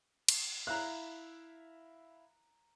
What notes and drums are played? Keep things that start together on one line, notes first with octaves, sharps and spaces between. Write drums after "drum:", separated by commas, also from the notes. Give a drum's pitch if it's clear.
drum: cymbal
E4 E5 F5 A#5 F#6